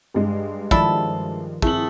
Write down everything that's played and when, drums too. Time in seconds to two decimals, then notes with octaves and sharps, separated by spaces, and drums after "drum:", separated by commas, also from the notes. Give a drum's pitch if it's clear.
0.14 G2 G#3
0.71 D#3 F3 D4 E4 A4, drum: kick
1.62 A3 C4 E4 G#4 F#7, drum: kick